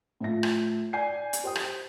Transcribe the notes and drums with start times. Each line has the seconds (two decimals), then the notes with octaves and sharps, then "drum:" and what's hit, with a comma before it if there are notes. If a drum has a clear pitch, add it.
0.20 A2 F3 E5 A#6
0.43 drum: rim click
0.93 D5 G#5 G6 C7
1.33 drum: hi-hat
1.43 G4 C5 G5 D#6
1.56 drum: rim click